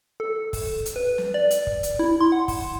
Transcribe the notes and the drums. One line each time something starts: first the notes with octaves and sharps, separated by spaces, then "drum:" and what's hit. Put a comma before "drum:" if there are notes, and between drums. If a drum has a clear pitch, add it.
A4
drum: kick, open hi-hat
drum: hi-hat
B4
drum: snare
D5
drum: hi-hat
drum: kick
drum: hi-hat
E4
C6
F#5
drum: kick, open hi-hat